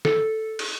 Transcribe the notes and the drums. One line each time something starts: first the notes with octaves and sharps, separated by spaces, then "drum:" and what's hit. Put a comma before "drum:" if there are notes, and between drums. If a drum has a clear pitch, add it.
A4, drum: snare
drum: cymbal